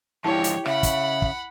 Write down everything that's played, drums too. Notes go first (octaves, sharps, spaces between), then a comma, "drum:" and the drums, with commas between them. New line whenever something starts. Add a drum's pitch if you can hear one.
G#2 D3 F3 E4 G4 C#5 A5
drum: hi-hat
C#3 E5 F#5 B5, drum: rim click
drum: kick, hi-hat
drum: kick